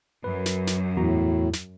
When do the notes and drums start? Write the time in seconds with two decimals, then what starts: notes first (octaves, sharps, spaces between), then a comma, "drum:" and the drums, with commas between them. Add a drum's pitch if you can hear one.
0.24 F#2 B4
0.46 drum: snare
0.67 drum: snare
0.97 E2 A2 F#4 A#5
1.53 drum: snare